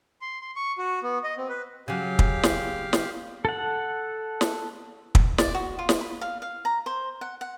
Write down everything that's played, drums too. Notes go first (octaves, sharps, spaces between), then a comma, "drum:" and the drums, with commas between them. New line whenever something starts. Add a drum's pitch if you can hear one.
C6
C6
C#6
F#4
B3
D#5
C4
B4
C#3 F#3 G4 F5
drum: kick
drum: snare
drum: snare
A4 F#5
drum: snare
drum: kick
D5, drum: snare
F#4
F4
drum: snare
B5
F5
F5
A#5
C5
F#5
F#5